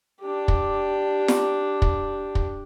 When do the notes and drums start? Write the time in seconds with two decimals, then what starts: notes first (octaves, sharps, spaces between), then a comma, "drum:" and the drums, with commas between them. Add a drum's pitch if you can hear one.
0.21 D4 G4
0.48 drum: kick
1.28 drum: snare
1.82 drum: kick
2.35 drum: kick